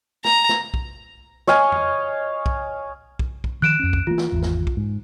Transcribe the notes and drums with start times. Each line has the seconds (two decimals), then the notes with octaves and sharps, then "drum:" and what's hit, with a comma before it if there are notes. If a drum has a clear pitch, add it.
0.25 A#5, drum: snare
0.49 drum: snare
0.74 drum: kick
1.47 C#5 D#5 F5 G#5, drum: snare
1.72 drum: tom E2
2.46 drum: kick
3.19 drum: kick
3.44 drum: kick
3.62 D#3 F3 F#6 D7 E7
3.79 F2 C#4
3.93 drum: kick
4.07 E3 A#3 F4
4.18 drum: snare
4.32 G#1 E2
4.42 drum: snare
4.67 drum: kick
4.77 G#2